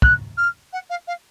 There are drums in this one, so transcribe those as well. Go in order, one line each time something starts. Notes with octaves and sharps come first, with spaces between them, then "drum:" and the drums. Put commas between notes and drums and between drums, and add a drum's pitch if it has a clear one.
F#6, drum: kick
F6
F#5
F5
F5